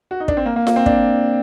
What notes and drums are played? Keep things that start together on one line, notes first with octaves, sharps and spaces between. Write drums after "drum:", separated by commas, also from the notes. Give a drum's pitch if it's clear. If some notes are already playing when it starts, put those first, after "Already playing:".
F#4
D#4
D4, drum: kick
C4
A#3
A#3
A#3, drum: snare F4
C4
D4, drum: kick